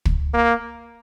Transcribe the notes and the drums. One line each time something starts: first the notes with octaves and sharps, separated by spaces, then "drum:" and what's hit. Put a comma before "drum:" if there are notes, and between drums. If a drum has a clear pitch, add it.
drum: kick
A#3